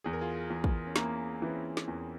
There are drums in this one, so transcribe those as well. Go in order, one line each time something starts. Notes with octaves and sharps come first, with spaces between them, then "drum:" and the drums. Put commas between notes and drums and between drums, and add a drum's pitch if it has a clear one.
E2 G#4
A#4
F4 G#4
E2
drum: kick
C#4
A#3 C4 E4, drum: snare
E3 C4
C#4
C4
drum: snare
E2